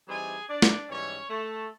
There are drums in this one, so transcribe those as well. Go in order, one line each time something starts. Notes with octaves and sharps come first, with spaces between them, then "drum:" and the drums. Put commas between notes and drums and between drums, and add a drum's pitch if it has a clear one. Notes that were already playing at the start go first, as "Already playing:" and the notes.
E3 G3 C4 D#4 G#4 G#5
D4 D5
drum: snare
G#2 E3 G3 C#4 C#5
A3 A4